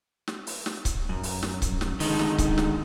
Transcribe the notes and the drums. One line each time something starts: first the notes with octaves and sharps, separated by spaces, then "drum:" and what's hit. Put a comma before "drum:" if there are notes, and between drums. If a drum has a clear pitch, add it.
drum: snare
drum: open hi-hat
drum: snare
drum: kick C#1, hi-hat
F#2
drum: open hi-hat
drum: snare
drum: kick C#1, hi-hat
drum: snare
D3 D#3 G#3 D#4, drum: open hi-hat
drum: snare
drum: kick C#1, hi-hat
drum: snare